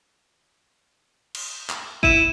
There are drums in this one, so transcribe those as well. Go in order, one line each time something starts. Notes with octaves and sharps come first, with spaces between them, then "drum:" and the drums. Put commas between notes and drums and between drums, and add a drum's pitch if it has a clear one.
drum: cymbal
drum: clap
E4 D#7 E7, drum: kick